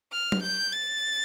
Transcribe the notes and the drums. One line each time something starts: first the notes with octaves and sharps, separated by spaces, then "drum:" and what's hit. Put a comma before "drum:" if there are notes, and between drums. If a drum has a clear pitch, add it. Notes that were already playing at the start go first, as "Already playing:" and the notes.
F6
drum: tom F#3
G6
A6